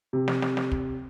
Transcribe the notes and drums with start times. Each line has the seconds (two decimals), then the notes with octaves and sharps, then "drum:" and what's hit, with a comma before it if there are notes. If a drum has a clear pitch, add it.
0.13 C3
0.28 drum: snare
0.42 drum: snare
0.57 drum: snare
0.72 drum: kick